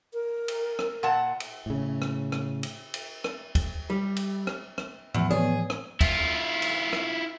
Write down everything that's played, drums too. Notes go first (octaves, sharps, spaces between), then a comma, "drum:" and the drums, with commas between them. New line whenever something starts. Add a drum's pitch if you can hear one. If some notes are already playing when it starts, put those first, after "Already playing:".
A#4
drum: cymbal
drum: rim click
A#2 F#5 A5
drum: cymbal
A2 C#3
drum: rim click
drum: rim click
drum: cymbal
drum: cymbal
drum: rim click
drum: kick, cymbal
G3
drum: cymbal
drum: rim click
drum: rim click
E2 A2 E3 F3
B3 G#4 C#5 D5
drum: rim click
E4 F4, drum: kick, cymbal
drum: cymbal
drum: rim click